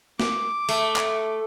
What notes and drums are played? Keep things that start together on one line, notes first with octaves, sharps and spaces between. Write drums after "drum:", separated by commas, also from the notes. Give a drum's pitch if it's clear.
D6, drum: snare
A3, drum: open hi-hat
drum: clap